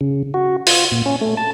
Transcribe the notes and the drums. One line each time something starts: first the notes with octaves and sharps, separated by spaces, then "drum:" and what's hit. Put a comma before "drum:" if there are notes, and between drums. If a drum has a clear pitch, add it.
C#3
F#4
F4, drum: open hi-hat
A#2
C#4
A3
A5